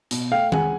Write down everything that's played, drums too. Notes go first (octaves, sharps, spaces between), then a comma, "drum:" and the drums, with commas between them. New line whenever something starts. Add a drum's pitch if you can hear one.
B2, drum: hi-hat
A3 F5 G5
C#2 F#5 G#5, drum: tom D#3